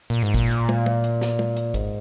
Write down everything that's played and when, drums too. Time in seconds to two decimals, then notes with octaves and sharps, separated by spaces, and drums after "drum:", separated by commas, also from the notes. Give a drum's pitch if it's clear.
0.10 A#2
0.23 G#2
0.34 A#2, drum: kick, hi-hat
0.51 drum: hi-hat
0.69 drum: tom
0.86 drum: tom
1.04 drum: hi-hat
1.22 drum: snare
1.39 drum: tom
1.57 drum: hi-hat
1.74 G#2, drum: kick, hi-hat